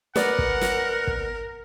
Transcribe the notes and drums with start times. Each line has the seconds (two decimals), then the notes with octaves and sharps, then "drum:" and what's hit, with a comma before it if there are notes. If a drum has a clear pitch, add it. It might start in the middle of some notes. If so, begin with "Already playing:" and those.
0.16 B3 A#4 D5 F#5, drum: snare
0.39 drum: kick
0.61 drum: snare
1.07 drum: kick